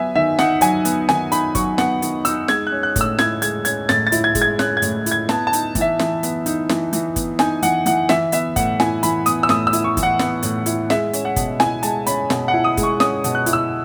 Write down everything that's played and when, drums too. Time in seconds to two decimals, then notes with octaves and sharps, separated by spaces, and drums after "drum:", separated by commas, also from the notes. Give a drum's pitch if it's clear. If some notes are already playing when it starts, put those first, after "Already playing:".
Already playing: F#3 B3 E5 G#5
0.15 D#3 E5
0.39 D#4 F#5, drum: snare
0.61 F#3 G#5, drum: hi-hat
0.85 B3, drum: hi-hat
1.09 D#3 G#5, drum: snare
1.32 D#4 B5, drum: hi-hat
1.55 F#3 C#6, drum: kick, hi-hat
1.78 B3 F#5, drum: snare
2.02 D#3, drum: hi-hat
2.25 D#4 E6, drum: hi-hat
2.48 G#3 G#6, drum: snare
2.67 C#4 F#6
2.83 F#6
2.96 A2, drum: kick, hi-hat
3.01 E6
3.19 E4 G#6, drum: snare
3.42 G#3 G#6, drum: hi-hat
3.65 C#4 G#6, drum: hi-hat
3.89 A2 A6, drum: snare
4.07 A6
4.12 E4, drum: hi-hat
4.24 G#6
4.35 G#3, drum: kick, hi-hat
4.42 G#6
4.59 C#4 F#6, drum: snare
4.77 G#6
4.82 A2, drum: hi-hat
5.06 E4, drum: hi-hat
5.11 G#6
5.29 B3 A5, drum: snare
5.47 A5
5.53 D#4, drum: hi-hat
5.75 E3, drum: kick, hi-hat
5.81 E5
5.99 E3, drum: snare
6.23 B3, drum: hi-hat
6.46 D#4, drum: hi-hat
6.69 E3, drum: snare
6.93 E3, drum: hi-hat
7.16 B3, drum: kick, hi-hat
7.39 D#4 G#5, drum: snare
7.62 E3 F#5, drum: hi-hat
7.86 E3 F#5, drum: hi-hat
8.09 E3 E5, drum: snare
8.32 B3 E5, drum: hi-hat
8.56 A2 F#5, drum: kick, hi-hat
8.80 E4 G#5, drum: snare
9.03 E3 B5, drum: hi-hat
9.26 B3 D#6, drum: hi-hat
9.43 E6
9.49 A2 D#6, drum: snare
9.67 E6
9.73 E4, drum: hi-hat
9.84 C#6
9.97 E3, drum: kick, hi-hat
10.03 F#5
10.19 B3, drum: snare
10.43 A2, drum: hi-hat
10.66 E4, drum: hi-hat
10.90 G#3 E5, drum: snare
11.13 C#4, drum: hi-hat
11.25 F#5
11.36 B2, drum: kick, hi-hat
11.60 E4 G#5, drum: snare
11.83 G#3 A5, drum: hi-hat
12.07 C#4 B5, drum: hi-hat
12.30 B2, drum: snare
12.48 F#5
12.54 E4
12.64 D#6
12.77 G#3, drum: kick, hi-hat
12.83 C#6
13.00 C#4 D#6, drum: snare
13.24 B2, drum: hi-hat
13.35 F#6
13.46 E4, drum: hi-hat
13.53 E6